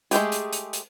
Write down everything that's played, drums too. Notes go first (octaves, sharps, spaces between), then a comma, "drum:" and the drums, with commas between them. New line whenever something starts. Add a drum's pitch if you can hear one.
G#3 A3 G4 G#4, drum: hi-hat
drum: hi-hat
drum: hi-hat
drum: hi-hat